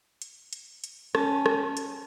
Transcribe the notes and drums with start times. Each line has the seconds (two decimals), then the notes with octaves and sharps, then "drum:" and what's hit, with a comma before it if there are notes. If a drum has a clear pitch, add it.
0.22 drum: hi-hat
0.53 drum: hi-hat
0.84 drum: hi-hat
1.15 C#4 A5, drum: rim click
1.46 drum: rim click
1.77 drum: hi-hat